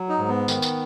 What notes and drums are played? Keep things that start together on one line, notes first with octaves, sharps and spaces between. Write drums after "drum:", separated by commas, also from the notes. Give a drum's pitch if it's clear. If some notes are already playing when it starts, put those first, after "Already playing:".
Already playing: F#3
D#4
G#2
B3
D#3, drum: tambourine
drum: tambourine